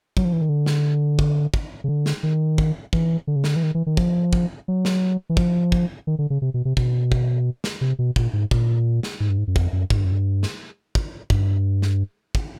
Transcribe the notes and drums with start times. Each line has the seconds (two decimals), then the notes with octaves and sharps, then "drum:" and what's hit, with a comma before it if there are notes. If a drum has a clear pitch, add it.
0.17 F#3, drum: kick
0.25 F3
0.33 E3
0.41 D#3
0.49 D3
0.66 drum: snare
1.19 drum: kick
1.54 drum: kick
1.84 C#3
1.88 D3
2.06 drum: snare
2.23 D#3
2.58 drum: kick
2.93 E3, drum: kick
3.27 D3
3.36 C#3
3.44 D3, drum: snare
3.56 E3
3.63 D#3
3.75 E3
3.86 D#3
3.97 F3, drum: kick
4.33 drum: kick
4.68 F#3
4.85 drum: snare
5.29 E3
5.37 F3, drum: kick
5.72 drum: kick
6.07 D#3
6.19 D3
6.30 C#3
6.42 C3
6.54 B2
6.65 C3
6.77 B2, drum: kick
7.12 drum: kick
7.64 drum: snare
7.81 C3
7.99 B2
8.16 A#2, drum: kick
8.33 G#2
8.51 A#2, drum: kick
9.03 drum: snare
9.20 G#2
9.29 G2
9.38 G#2
9.47 F#2
9.56 F2, drum: kick
9.73 F#2
9.90 G#2, drum: kick
9.97 G2
10.04 F#2
10.12 G2
10.43 drum: snare
10.95 drum: kick
11.30 G2, drum: kick
11.82 drum: snare
12.35 drum: kick